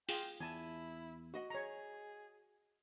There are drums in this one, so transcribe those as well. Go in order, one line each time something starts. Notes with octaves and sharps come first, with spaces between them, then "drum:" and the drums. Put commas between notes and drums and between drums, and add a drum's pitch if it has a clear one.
F4 G#4 G5, drum: open hi-hat
E2 E4 G#5 A5
F#4 D#5 F#5
G#4 C#5 A#5